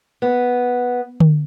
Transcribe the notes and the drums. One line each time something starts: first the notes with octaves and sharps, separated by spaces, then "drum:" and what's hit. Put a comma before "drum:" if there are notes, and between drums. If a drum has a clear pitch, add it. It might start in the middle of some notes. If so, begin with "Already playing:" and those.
B3
drum: tom D3